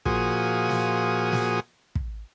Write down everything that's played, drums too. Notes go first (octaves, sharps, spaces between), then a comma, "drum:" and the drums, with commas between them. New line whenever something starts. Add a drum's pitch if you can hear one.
A#2 F3 F#4 G#4 D#6, drum: kick
drum: snare
drum: snare
drum: kick